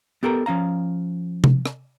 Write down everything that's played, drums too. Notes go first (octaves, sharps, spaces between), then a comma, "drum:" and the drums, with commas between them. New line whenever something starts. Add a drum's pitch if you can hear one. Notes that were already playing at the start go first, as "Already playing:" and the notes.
B3 G4 A4 A#4 G5 A#5
F3 C#4 F5 A#5
drum: tom C3
drum: rim click